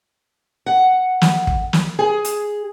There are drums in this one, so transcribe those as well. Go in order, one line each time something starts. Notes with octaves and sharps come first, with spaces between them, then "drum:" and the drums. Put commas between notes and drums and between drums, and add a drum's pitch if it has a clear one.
F#5
drum: snare
drum: kick
drum: snare
G#4
drum: hi-hat